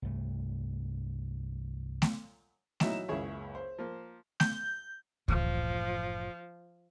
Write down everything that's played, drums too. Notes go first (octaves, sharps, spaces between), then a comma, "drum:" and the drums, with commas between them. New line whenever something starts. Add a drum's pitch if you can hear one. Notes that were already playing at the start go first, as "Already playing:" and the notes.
C2 G2 A3
drum: snare A3
A#2 E3 F#3 D#4 E5 E7, drum: snare A3
F#1 C#2 E4 G#4 C#5
C5
F3 A#3
G6, drum: snare A3
F#1 A2 E3 F3, drum: kick C#2